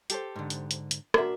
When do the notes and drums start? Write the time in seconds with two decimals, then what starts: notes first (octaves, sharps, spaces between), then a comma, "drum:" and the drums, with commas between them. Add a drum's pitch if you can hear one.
0.10 G4 A4 C5, drum: hi-hat
0.36 G#2 D3
0.50 drum: hi-hat
0.71 drum: hi-hat
0.91 drum: hi-hat
1.14 D4 F#4 A#4 E5, drum: rim click